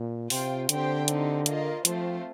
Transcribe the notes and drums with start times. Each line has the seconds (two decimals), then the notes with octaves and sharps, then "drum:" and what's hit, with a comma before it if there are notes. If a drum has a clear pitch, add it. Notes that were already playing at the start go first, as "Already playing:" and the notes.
Already playing: A#2
0.30 C3 F4 C5 G5, drum: open hi-hat
0.69 D3 C4 G4 C5 G5, drum: hi-hat
1.08 C4 D#4 G4, drum: hi-hat
1.46 A#3 F4 A#4 D#5, drum: hi-hat
1.85 F3 A3 C4 F4 C5, drum: hi-hat